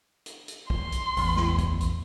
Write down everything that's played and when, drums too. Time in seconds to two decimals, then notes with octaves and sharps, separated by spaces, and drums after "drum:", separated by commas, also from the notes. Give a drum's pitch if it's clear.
0.26 drum: hi-hat
0.48 drum: hi-hat
0.70 C6, drum: kick
0.92 drum: hi-hat
1.17 A1 E2, drum: open hi-hat
1.36 drum: snare
1.58 drum: kick, hi-hat
1.81 drum: hi-hat